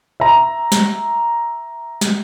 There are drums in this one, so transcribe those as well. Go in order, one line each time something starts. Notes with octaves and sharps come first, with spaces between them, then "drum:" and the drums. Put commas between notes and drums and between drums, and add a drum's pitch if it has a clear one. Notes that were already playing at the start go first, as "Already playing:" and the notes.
E5 A#5
drum: snare
drum: snare